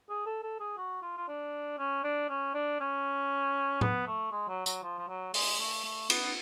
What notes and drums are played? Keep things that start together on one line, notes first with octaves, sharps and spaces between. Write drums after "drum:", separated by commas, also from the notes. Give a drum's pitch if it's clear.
G#4
A4
A4
G#4
F#4
F4
F4
D4
C#4
D4
C#4
D4
C#4
B3, drum: tom A2
A3
G#3
F#3
F#3, drum: tambourine
F3
F3
F#3
G#3, drum: open hi-hat
A3
A3
B3, drum: cymbal